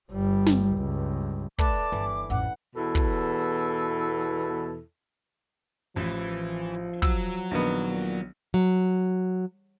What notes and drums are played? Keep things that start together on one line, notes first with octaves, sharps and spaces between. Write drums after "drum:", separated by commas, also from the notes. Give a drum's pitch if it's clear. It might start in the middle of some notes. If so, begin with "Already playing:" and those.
G1 G3
drum: snare
C#2 G2
A3 D4 B4 A5 D6, drum: kick
G1 E3
A1 F2 F#5
E2 B2 E4 A4
drum: kick
A1 E3 F3
F#3 E6, drum: kick
A#1 D#3 B3
A#2
F#3